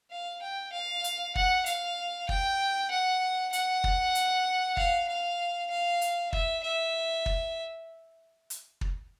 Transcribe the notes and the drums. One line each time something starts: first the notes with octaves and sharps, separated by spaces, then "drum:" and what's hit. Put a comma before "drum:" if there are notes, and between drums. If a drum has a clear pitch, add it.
F5
G5
F5
drum: hi-hat
F#5, drum: kick
F5, drum: hi-hat
G5, drum: kick
F#5
F#5, drum: hi-hat
drum: kick
drum: hi-hat
F5, drum: kick
F5
F5
drum: hi-hat
E5, drum: kick
E5
drum: kick
drum: hi-hat
drum: kick